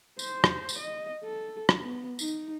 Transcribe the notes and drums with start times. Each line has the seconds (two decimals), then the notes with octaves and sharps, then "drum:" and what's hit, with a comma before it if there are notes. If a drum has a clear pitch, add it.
0.19 C5, drum: tambourine
0.44 drum: rim click
0.69 drum: tambourine
0.79 D#5
1.23 A4
1.69 drum: rim click
1.82 B3
2.19 D#4, drum: tambourine